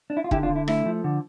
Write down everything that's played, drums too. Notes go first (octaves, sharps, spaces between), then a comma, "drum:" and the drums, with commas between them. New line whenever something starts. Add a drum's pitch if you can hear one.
D4
E4
F4
D3 E4 G4, drum: kick E1
D4 F4
D3
E4
A3 E4, drum: rim click
F3
D3